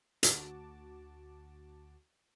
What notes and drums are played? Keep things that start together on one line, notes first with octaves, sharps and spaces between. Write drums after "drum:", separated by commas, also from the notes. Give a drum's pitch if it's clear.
D2 F#4 A5 D6, drum: hi-hat